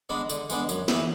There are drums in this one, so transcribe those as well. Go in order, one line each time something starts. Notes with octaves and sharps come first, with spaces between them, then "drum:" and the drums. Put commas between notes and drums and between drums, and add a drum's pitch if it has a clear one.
G#3 B3 D4
D3, drum: tambourine
G#3 B3 D4, drum: tambourine
F#2, drum: tambourine
E3 B3 E4, drum: snare